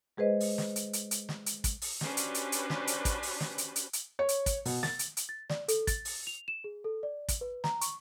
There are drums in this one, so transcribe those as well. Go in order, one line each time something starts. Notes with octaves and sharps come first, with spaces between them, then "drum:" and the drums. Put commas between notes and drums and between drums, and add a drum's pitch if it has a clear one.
G#3 G#4 B4 C5 D#5
drum: open hi-hat
drum: snare
drum: hi-hat
drum: hi-hat
drum: hi-hat
drum: snare
drum: hi-hat
drum: kick, hi-hat
drum: open hi-hat
C#4 D4 F#4 G4 B4 C5, drum: snare
drum: hi-hat
drum: hi-hat
drum: hi-hat
drum: snare
drum: hi-hat
drum: kick, hi-hat
drum: open hi-hat
drum: snare
drum: hi-hat
drum: hi-hat
drum: hi-hat
C#5
drum: hi-hat
drum: kick, hi-hat
B2, drum: open hi-hat
A6, drum: snare
drum: hi-hat
drum: hi-hat
A6
D5, drum: snare
A4, drum: hi-hat
A6, drum: kick, hi-hat
drum: open hi-hat
F7
E7
G#4
A4
D5
drum: kick, hi-hat
B4
A#5, drum: snare
C#6, drum: hi-hat